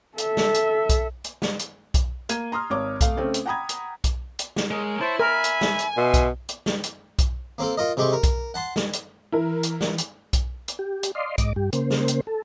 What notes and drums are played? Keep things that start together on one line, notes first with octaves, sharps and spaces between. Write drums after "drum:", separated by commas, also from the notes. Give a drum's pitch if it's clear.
A4 E5, drum: hi-hat
drum: snare
drum: hi-hat
drum: kick B1, hi-hat
drum: hi-hat
drum: snare
drum: hi-hat
drum: kick B1, hi-hat
A#3 G#6 D#7, drum: hi-hat
A#5 C6 D#6 F6
G#1 C#5 D6
A3 F5, drum: kick B1, hi-hat
C#3 A3 C4 C#4
drum: hi-hat
F#5 G5 A#5 B5 D#6 G#6
drum: hi-hat
drum: kick B1, hi-hat
drum: hi-hat
drum: snare
G#3 A#4 C#5
E4 C5 C#5 A5
A#4 E5 G#5 B5
drum: hi-hat
drum: snare
drum: hi-hat
B2 E5 C6
drum: kick B1, hi-hat
drum: hi-hat
drum: snare
drum: hi-hat
drum: kick B1, hi-hat
A#3 C4 A4
F4 A#4 D#5
C3 G#3 G4 A4 C#6
A#4
drum: kick B1, hi-hat
F#5 A5 C6
drum: snare
drum: hi-hat
E3 E4 A#4
drum: hi-hat
drum: snare
drum: hi-hat
drum: kick B1, hi-hat
drum: hi-hat
G4
drum: hi-hat
D5 D#5 F5 C6
G#2 D#5 D6, drum: kick B1, hi-hat
G2 G4
C#3 A#3 C5, drum: hi-hat
drum: snare
drum: hi-hat
A4